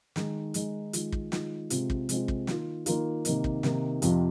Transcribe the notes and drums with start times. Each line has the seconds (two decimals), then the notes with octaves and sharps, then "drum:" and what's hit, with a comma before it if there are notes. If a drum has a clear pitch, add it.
0.16 D#3 G#3 D#4, drum: snare
0.54 D#3 G#3 D#4, drum: hi-hat
0.93 D#3 G#3 F4, drum: hi-hat
1.12 drum: kick
1.32 D#3 G#3 F4, drum: snare
1.70 C3 G#3 C4 F4, drum: hi-hat
1.90 drum: kick
2.09 C3 G#3 C4 F4, drum: hi-hat
2.28 drum: kick
2.47 D#3 A#3 F4, drum: snare
2.86 D#3 A#3 F4, drum: hi-hat
3.25 C3 D#3 A#3 D#4, drum: hi-hat
3.44 drum: kick
3.63 C3 D#3 A#3 D#4, drum: snare
4.02 F2 C3 F3, drum: hi-hat